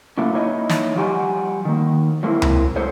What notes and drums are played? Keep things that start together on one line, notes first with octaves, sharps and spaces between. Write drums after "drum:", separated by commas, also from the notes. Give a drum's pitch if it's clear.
A2 C#3 F#3 A3 A#3
A#3 D#4 E4 C#5 D#5
drum: snare
F3 G3 F#4 G4 G#5
D#3 A#3
F#3 G#3 A#3 C4 D#4 E4
drum: tom C#2
G#3 A4 C5 C#5